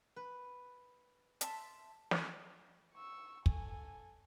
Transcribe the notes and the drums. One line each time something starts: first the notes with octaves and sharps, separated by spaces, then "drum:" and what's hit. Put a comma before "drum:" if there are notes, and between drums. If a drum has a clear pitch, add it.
B4
E5 A5 C6, drum: hi-hat
drum: snare
C#6 E6
A4 G#5, drum: kick